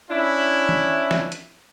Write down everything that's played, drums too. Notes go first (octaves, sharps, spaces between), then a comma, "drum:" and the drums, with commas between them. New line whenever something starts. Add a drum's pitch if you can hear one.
C#4 D4 E4
drum: tom
drum: snare
drum: hi-hat